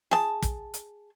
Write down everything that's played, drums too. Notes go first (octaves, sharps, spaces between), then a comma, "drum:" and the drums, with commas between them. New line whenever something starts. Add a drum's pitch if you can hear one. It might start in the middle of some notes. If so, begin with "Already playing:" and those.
G#4 A5, drum: snare
drum: kick, hi-hat
drum: hi-hat